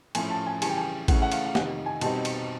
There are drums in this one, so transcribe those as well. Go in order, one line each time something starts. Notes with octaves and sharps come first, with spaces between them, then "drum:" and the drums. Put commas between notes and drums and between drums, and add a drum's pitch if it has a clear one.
A2 F3 A3 C#4 G#5, drum: cymbal
A5
G#5
C#3 E3 G3 G#5, drum: cymbal
G5
G#5
C#3 E3 A3 C#4 F#5, drum: kick A1, cymbal
F#5
F5, drum: cymbal
F5
F2 C3 D#3 F#5, drum: snare
G#5
B2 G3 C4 D#4 A5, drum: cymbal
drum: cymbal